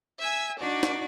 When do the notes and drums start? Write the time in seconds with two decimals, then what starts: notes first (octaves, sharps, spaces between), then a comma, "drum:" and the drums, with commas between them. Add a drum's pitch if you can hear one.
0.20 E5 G#5 E6
0.59 D4 D#4 F#4 D5
0.83 drum: snare